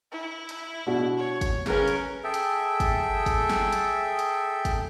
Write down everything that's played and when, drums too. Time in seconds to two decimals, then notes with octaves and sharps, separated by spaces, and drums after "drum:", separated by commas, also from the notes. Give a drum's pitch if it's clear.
0.12 E4
0.49 drum: hi-hat
0.86 B2 D4 F#4
1.18 C#5
1.41 drum: kick, hi-hat
1.66 C#3 C#4 A#4 B4, drum: snare
1.88 drum: hi-hat
2.24 G#4 A4 E5 G5
2.34 drum: hi-hat
2.80 drum: kick, hi-hat
3.26 drum: kick, hi-hat
3.49 drum: snare
3.73 drum: hi-hat
4.19 drum: hi-hat
4.65 drum: kick, hi-hat